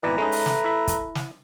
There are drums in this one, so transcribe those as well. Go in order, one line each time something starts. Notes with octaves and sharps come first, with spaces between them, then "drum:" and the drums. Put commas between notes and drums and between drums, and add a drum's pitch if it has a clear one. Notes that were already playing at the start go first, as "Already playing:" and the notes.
G#1 B2 E3 B4 D5 A#5
G#3 A3 C#4 D#4
drum: open hi-hat
drum: snare
E4 E5
drum: kick, hi-hat
drum: snare